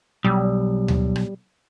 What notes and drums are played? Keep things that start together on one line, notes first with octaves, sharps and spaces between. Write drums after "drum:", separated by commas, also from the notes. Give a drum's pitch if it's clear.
B1 G3
drum: tom D2
drum: rim click